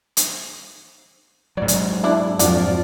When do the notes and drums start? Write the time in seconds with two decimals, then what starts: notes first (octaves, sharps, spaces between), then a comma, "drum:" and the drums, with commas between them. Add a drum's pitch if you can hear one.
0.17 drum: hi-hat
1.57 G#2 F#3 D5
1.68 drum: hi-hat
2.04 D4 E4
2.39 F2 D4 F4 F#4 D5, drum: hi-hat